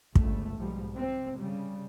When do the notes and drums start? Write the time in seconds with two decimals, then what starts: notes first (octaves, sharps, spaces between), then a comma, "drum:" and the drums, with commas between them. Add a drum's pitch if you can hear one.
0.15 G1 C#2 A3, drum: kick
0.56 B1 G#2 F3 G3
0.93 C3 C4
1.40 C#3 G3